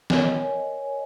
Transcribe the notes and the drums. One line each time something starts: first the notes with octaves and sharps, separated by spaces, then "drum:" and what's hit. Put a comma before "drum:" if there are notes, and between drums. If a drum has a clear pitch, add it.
A#4 C#5 D#5 G#5, drum: snare